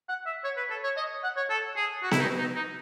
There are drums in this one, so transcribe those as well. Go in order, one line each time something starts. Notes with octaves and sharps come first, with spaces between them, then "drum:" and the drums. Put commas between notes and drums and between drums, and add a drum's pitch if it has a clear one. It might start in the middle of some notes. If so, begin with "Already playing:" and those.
F#5
E5
C#5
B4
A4
C#5
D#5
F#5
C#5
A4
G#4
F#4
E4, drum: snare B3
D#4
D#4
D#4